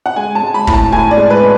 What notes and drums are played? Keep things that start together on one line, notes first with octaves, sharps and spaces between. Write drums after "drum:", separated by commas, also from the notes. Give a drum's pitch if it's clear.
F#5
G#3 G#5
A5
G#3
B5
A2, drum: kick
A5
A2 G#5
D5
G#3
B4
G#3